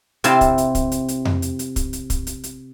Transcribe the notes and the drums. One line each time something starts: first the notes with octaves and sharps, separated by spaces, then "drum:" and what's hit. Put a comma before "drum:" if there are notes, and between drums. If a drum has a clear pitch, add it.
C3 C4 E4 F5 A5 C6, drum: hi-hat
drum: kick, hi-hat
drum: hi-hat
drum: kick, hi-hat
drum: hi-hat
drum: hi-hat
drum: tom F2
drum: hi-hat
drum: hi-hat
drum: kick, hi-hat
drum: hi-hat
drum: kick, hi-hat
drum: hi-hat
drum: hi-hat